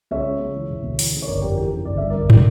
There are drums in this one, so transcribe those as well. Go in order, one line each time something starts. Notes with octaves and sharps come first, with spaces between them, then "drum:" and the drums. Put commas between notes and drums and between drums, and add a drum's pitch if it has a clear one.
C#2 C#5 E5
C#3
C#2
E3
E1
D2
E3, drum: open hi-hat
C#3
C#5
G1 A#4 D5
F2 G4 A#4
E3 G4 A#4
C#3
G1 D5
G2 E5
A#4 D5
G1
D3, drum: tom